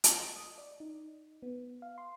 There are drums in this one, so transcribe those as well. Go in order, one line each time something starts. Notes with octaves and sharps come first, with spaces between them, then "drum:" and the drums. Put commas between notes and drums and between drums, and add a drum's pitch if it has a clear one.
drum: hi-hat
D#5
D#6
D5
D#4
B3
F5
C6